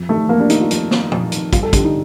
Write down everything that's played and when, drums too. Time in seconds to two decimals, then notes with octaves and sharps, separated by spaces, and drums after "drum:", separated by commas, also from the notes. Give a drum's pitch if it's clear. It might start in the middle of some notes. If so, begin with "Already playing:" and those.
Already playing: F2
0.09 D#3 A3
0.29 F2 A#3
0.40 D4
0.50 D#3 D#4, drum: hi-hat
0.61 F4
0.71 F2, drum: hi-hat
0.91 D#3, drum: snare
1.12 F2, drum: tom
1.32 D#3, drum: hi-hat
1.53 G2 F4, drum: kick, hi-hat
1.63 A4
1.73 D3 F3 G4, drum: kick, hi-hat
1.84 D#4